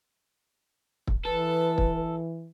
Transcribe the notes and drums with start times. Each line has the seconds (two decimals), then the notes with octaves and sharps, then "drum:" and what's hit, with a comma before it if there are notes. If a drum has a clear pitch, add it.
1.07 drum: kick
1.25 E3 A4 B4
1.78 drum: kick